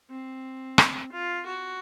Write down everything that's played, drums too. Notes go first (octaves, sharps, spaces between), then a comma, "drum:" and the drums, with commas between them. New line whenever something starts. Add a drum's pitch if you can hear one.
C4
drum: rim click
F4
F#4